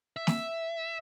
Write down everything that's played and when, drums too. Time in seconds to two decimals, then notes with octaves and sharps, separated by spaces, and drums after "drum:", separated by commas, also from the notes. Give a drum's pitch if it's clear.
0.17 E5
0.27 drum: snare